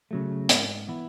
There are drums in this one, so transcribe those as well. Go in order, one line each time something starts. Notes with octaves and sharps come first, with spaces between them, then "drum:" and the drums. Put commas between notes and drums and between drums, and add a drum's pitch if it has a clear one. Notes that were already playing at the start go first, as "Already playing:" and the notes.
C#3 F#3 A3
G#2, drum: hi-hat
E3 B3 E4